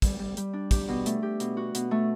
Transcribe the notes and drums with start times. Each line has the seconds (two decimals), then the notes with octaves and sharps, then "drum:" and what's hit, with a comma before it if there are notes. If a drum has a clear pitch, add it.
0.02 G3, drum: kick, hi-hat
0.19 G3
0.37 G3, drum: hi-hat
0.53 D4
0.71 G4, drum: kick, hi-hat
0.88 B2
1.06 A3, drum: hi-hat
1.23 G4
1.40 B2, drum: hi-hat
1.57 F#4
1.75 B2, drum: hi-hat
1.91 A3